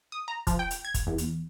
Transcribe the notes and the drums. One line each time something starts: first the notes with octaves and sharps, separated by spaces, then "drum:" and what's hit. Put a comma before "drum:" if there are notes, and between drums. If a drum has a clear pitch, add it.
D#6
A#5
F3, drum: kick, hi-hat
G5
drum: hi-hat
G#6
drum: kick, hi-hat
E2
drum: hi-hat